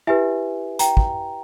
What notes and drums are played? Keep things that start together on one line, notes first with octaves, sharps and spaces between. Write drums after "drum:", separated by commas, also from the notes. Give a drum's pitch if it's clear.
E4 G4 B4 E5 G#5
G5 A#5, drum: hi-hat
drum: kick